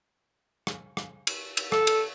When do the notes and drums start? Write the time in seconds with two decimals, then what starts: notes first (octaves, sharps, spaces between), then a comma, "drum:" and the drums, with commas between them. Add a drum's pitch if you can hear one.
0.67 drum: rim click
0.97 drum: rim click
1.27 drum: cymbal
1.57 drum: cymbal
1.72 A4, drum: rim click
1.87 drum: cymbal